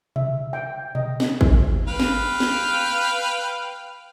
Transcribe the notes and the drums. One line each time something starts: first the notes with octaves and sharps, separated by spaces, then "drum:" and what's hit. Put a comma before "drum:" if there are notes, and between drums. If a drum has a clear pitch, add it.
E5, drum: tom B2
G5
D#5, drum: tom B2
drum: snare
drum: kick G#1
B4 F5 G5
drum: snare
drum: snare